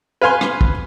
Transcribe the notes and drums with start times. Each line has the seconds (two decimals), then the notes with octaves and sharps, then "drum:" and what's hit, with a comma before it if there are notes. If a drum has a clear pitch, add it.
0.21 B4 F5 G#5 C6
0.41 drum: rim click
0.61 drum: kick